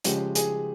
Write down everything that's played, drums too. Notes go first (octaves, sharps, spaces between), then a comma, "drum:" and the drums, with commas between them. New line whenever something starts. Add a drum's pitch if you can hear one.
C#3 F3 G#3 G4, drum: hi-hat
G#4, drum: hi-hat